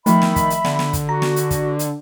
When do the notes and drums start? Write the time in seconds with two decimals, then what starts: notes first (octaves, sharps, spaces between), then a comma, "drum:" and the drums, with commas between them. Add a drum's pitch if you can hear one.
0.06 D#3 F3 A3 E5 B5, drum: hi-hat
0.22 drum: snare
0.36 drum: kick, hi-hat
0.50 drum: hi-hat
0.65 D3, drum: snare
0.79 drum: snare
0.93 drum: kick, hi-hat
1.09 F#4 A#5
1.22 drum: snare
1.36 drum: hi-hat
1.50 drum: kick, hi-hat
1.79 drum: hi-hat